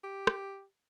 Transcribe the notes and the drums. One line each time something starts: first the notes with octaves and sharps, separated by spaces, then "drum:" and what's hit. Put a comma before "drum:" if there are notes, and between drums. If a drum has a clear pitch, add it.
G4
drum: rim click